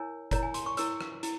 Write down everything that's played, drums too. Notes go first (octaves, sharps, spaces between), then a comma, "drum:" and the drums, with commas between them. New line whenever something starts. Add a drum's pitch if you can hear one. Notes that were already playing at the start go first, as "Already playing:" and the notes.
Already playing: E4 A#4 C#5 G#5
E4 A#4 C#5 A#5, drum: kick F#1, hi-hat
G#5
C6, drum: hi-hat
C#6
E4 A#4 C#5 E6, drum: hi-hat
drum: rim click
E4, drum: hi-hat